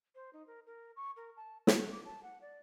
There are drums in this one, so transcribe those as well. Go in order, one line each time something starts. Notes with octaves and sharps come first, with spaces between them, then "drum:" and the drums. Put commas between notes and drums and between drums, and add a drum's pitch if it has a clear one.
C5
D#4
A#4
A#4
C#6
A#4
A5
F#4, drum: snare
D6
A5
F#5
D5